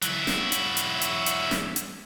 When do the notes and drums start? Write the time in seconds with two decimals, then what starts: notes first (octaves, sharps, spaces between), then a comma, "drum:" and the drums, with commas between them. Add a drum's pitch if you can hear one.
0.02 F#3 E4, drum: hi-hat
0.27 drum: snare
0.52 drum: hi-hat
0.77 drum: hi-hat
1.01 drum: hi-hat
1.26 drum: hi-hat
1.51 drum: snare
1.76 drum: hi-hat